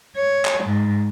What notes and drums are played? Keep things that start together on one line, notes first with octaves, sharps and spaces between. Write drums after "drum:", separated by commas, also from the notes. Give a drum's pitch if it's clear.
C#5
drum: clap
G#2